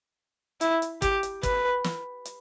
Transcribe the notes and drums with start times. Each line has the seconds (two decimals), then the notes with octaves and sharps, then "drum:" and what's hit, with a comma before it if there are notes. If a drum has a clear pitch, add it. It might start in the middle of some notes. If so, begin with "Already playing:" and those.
0.61 E4, drum: hi-hat
0.82 drum: hi-hat
1.02 G4, drum: kick, hi-hat
1.23 drum: hi-hat
1.43 B4, drum: kick, hi-hat
1.84 drum: snare
2.25 drum: hi-hat